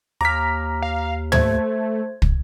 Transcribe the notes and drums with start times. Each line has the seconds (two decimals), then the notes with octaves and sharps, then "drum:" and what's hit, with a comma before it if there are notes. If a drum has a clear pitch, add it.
0.21 D#2 A#5 D6 F6 B6
0.82 F5
1.32 A3 C5 G#6, drum: tom
2.22 drum: kick